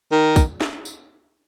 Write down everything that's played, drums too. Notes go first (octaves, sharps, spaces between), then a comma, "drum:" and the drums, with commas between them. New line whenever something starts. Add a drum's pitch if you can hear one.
D#3
drum: kick, tambourine
drum: snare
drum: tambourine